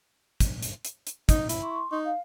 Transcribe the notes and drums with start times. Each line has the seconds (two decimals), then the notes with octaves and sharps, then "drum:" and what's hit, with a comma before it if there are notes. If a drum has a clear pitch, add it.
0.40 drum: kick, hi-hat
0.63 drum: hi-hat
0.85 drum: hi-hat
1.07 drum: hi-hat
1.29 D#4, drum: kick, hi-hat
1.49 E4, drum: hi-hat
1.63 C6 C#6
1.92 D#4
2.06 F5